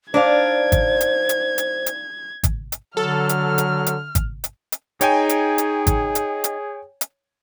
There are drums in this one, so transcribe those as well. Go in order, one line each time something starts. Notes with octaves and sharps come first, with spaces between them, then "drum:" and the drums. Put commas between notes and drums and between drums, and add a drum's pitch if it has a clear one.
D4 D#4 C5 D5 F5 G#6
drum: kick G#1, hi-hat
drum: hi-hat
drum: hi-hat
drum: hi-hat
drum: hi-hat
drum: kick G#1, hi-hat
drum: hi-hat
D3 F#3 A4 F6
drum: hi-hat
drum: hi-hat
drum: hi-hat
drum: kick G#1, hi-hat
drum: hi-hat
drum: hi-hat
D#4 G#4 C#5 G5 G#5, drum: hi-hat
drum: hi-hat
drum: hi-hat
drum: kick G#1, hi-hat
drum: hi-hat
drum: hi-hat
drum: hi-hat